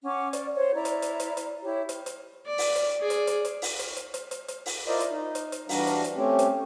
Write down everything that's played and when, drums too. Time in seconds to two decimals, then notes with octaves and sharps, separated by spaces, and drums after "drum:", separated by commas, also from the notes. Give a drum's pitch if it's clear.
0.05 C#4 F#5 D6
0.33 D5, drum: hi-hat
0.55 C5 C#5
0.75 E4 D5 A#5
0.85 drum: hi-hat
1.02 drum: hi-hat
1.20 drum: hi-hat
1.37 drum: hi-hat
1.62 E4 G4 C#5
1.89 drum: hi-hat
2.06 drum: hi-hat
2.46 D5
2.58 drum: open hi-hat
2.75 drum: hi-hat
3.00 G#4 D5
3.10 drum: hi-hat
3.27 drum: hi-hat
3.45 drum: hi-hat
3.62 drum: open hi-hat
3.79 drum: hi-hat
3.96 drum: hi-hat
4.14 drum: hi-hat
4.31 drum: hi-hat
4.48 drum: hi-hat
4.66 drum: open hi-hat
4.88 E4 F4 A#4 C5 D5 D#5
5.00 drum: hi-hat
5.11 D#4
5.35 drum: hi-hat
5.52 drum: hi-hat
5.69 E3 G3 D4 F#4 F5 A#5, drum: open hi-hat
5.87 drum: hi-hat
6.04 drum: hi-hat
6.16 A3 C4 C#4 G4
6.39 drum: hi-hat